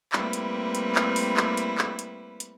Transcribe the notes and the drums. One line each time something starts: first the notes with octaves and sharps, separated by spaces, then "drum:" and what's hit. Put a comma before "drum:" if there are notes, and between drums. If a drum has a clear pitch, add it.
G3 A3 A#3 C4 E4 B4, drum: clap
drum: hi-hat
drum: hi-hat
drum: clap
drum: open hi-hat
drum: clap
drum: hi-hat
drum: clap
drum: hi-hat
drum: hi-hat